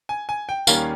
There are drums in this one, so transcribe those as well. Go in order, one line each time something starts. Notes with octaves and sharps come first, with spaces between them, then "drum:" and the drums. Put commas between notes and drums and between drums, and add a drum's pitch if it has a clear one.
G#5
G#5
G5
D#2 D#3 G3 A#3 C#4 F5, drum: tambourine